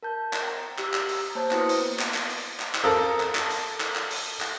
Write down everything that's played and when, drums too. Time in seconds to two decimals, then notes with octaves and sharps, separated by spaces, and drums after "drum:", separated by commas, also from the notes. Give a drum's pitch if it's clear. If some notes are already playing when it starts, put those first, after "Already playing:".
0.03 A#4 A5 G6
0.33 drum: clap
0.43 G5 A#5
0.78 G4 E6, drum: clap
0.94 drum: clap
1.09 drum: open hi-hat
1.18 A#5
1.35 A#3 C5 C#5 A5
1.51 B3 E4 F#4 B4 D#6 C#7, drum: clap
1.69 drum: open hi-hat
1.99 drum: clap
2.14 drum: clap
2.29 drum: open hi-hat
2.60 drum: clap
2.75 drum: clap
2.84 A4 A#4 F5 D#6 E6
3.20 drum: clap
3.35 drum: clap
3.50 drum: open hi-hat
3.80 drum: clap
3.95 drum: clap
4.11 drum: open hi-hat
4.41 drum: clap